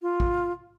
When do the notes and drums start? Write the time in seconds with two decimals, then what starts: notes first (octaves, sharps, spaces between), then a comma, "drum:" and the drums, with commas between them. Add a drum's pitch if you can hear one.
0.02 F4
0.20 drum: kick